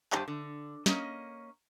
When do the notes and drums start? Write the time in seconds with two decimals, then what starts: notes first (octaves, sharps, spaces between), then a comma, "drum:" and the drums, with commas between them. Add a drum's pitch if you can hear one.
0.12 G2 C#3 G4 C5 A5, drum: clap
0.28 D3
0.86 A#3 C#4 D#5, drum: snare